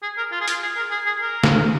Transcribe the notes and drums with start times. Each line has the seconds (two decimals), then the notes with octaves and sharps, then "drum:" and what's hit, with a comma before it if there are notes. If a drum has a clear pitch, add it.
0.02 G#4
0.17 A#4
0.32 F4
0.41 G#4
0.48 F4, drum: hi-hat
0.62 G#4
0.77 A#4
0.91 G#4
1.06 G#4
1.21 A#4
1.44 drum: snare